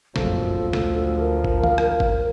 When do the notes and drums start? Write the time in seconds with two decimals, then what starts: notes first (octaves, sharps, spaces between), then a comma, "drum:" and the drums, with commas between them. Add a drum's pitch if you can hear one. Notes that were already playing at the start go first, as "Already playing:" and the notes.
0.16 F1 A#1 F#2 F3 A4, drum: snare
0.54 D2
0.73 drum: snare
1.20 A#4
1.44 drum: kick G1
1.64 F5, drum: tom
1.78 drum: rim click
2.00 drum: kick G1